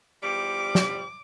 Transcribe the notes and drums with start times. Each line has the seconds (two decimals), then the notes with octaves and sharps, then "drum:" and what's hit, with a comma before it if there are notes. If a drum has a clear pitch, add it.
0.23 E2 F3 G3 D6
0.75 drum: snare